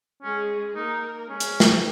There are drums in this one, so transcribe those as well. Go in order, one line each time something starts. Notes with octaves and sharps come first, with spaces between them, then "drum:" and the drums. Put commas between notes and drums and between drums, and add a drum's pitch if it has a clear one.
G#3 C#4 G#4
A#3 D#4 A#4
G#3 C#4 G#4
drum: hi-hat
drum: snare